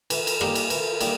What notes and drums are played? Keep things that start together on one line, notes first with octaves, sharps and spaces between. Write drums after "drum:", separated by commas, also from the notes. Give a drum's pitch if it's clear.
E3 A4, drum: cymbal
A#4
A4, drum: cymbal
G3 A#3 D#4 G4, drum: rim click
drum: cymbal
E3 A#4, drum: cymbal
A4
A#4
G3 A#3 D#4 G4, drum: cymbal